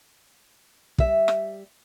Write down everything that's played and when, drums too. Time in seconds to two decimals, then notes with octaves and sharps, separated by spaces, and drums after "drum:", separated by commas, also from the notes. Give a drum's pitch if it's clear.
0.98 G3 E5, drum: kick
1.28 drum: rim click